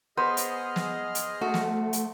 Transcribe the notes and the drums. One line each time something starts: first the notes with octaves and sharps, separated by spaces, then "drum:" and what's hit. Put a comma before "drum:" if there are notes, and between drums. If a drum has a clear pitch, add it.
B3 G#4 C5 D#5 F6
drum: hi-hat
drum: snare
drum: hi-hat
A3 F#4
drum: snare
drum: hi-hat